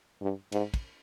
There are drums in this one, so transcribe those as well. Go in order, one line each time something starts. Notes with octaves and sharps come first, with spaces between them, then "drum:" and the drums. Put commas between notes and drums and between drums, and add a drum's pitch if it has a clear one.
G2
G#2, drum: cymbal
drum: kick, cymbal